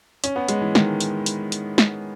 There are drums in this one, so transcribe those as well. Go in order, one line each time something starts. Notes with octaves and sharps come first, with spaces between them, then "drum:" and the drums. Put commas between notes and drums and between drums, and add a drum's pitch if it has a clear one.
C#4, drum: hi-hat
B3
G#3, drum: hi-hat
E3
D#3, drum: snare
drum: hi-hat
drum: hi-hat
drum: hi-hat
drum: snare